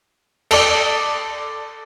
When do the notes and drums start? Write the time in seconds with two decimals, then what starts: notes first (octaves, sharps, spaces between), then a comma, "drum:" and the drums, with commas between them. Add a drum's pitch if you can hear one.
0.51 A4 D5, drum: cymbal